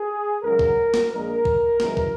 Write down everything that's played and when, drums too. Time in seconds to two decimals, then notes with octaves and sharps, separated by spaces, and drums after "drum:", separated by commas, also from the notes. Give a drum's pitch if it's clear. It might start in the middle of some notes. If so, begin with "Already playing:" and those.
Already playing: G#4
0.42 C#2 C#3 F#3 A#4
0.59 drum: kick
0.94 drum: snare
1.10 A#1 A#2 G#3 A#4
1.45 drum: kick
1.80 F#2 C#3 E3 G#3, drum: snare
1.97 drum: kick